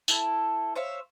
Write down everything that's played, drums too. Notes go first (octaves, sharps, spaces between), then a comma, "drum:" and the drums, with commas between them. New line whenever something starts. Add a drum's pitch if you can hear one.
E4 A4, drum: tambourine
C5 C#5 E5 F5